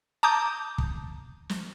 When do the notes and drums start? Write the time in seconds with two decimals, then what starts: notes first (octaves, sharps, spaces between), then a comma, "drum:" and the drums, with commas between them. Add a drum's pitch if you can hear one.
0.23 A5 A#5 D6 D#6 G6
0.78 drum: kick
1.49 drum: snare